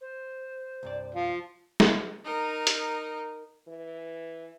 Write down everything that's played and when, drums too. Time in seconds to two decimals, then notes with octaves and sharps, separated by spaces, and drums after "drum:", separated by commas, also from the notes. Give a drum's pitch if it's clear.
0.01 C5
0.83 C2 G2 D5
1.15 F3 F5
1.80 drum: snare
2.25 D#4 A#4
2.67 drum: hi-hat
3.67 E3